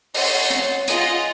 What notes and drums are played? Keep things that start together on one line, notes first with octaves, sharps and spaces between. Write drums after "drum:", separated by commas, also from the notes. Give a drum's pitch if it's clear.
C#5 F#5 C6 A6, drum: open hi-hat
drum: hi-hat
F4 G#4 D#5 F#5, drum: hi-hat